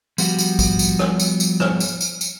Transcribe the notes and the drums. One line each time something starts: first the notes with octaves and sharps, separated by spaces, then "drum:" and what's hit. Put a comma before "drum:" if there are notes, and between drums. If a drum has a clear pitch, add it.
F3 G3 B3 F#4 G4, drum: tambourine
drum: tambourine
drum: kick A#1, tambourine
drum: tambourine
drum: rim click
drum: tambourine
drum: tambourine
drum: rim click
drum: tambourine
drum: tambourine
drum: tambourine